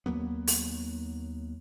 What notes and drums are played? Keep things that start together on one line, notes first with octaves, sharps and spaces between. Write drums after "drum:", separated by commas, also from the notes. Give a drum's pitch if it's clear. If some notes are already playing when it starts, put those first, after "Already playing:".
D#2 F#3 A#3 B3
drum: open hi-hat